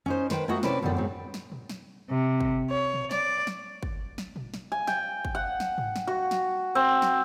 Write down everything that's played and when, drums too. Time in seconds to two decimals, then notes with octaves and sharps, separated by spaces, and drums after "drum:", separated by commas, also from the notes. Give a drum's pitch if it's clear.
0.06 C#4 D#4 C5
0.30 D#3 B4 C5 G5, drum: snare
0.48 A3 A#3 F#4 D#5 F5 G#5
0.63 C3 C#4 E4 B4 D5 A5, drum: snare
0.82 F#2 B2 D3 D#3 G3
0.95 G#2 F#3 C4
1.34 drum: snare
1.52 drum: tom A#2
1.69 drum: snare
2.11 C3
2.41 drum: kick
2.71 C#5
2.94 drum: tom A#2
3.11 D5, drum: snare
3.47 drum: snare
3.83 drum: kick
4.18 drum: snare
4.36 drum: tom A#2
4.54 drum: snare
4.72 G#5
4.87 G5, drum: snare
5.25 drum: kick
5.35 F#5
5.60 drum: snare
5.78 drum: tom G#2
5.96 drum: snare
6.07 F#4
6.31 drum: snare
6.75 C4
7.02 drum: snare